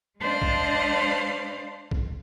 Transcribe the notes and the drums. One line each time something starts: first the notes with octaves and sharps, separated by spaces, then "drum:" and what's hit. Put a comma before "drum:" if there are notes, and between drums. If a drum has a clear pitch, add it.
G#3 D4 C5 D5 D#5 F5
drum: kick A#1
drum: kick A#1